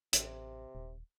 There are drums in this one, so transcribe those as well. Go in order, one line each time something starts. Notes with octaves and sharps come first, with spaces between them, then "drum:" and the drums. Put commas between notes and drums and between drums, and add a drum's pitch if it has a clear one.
A1 C3, drum: hi-hat
D#1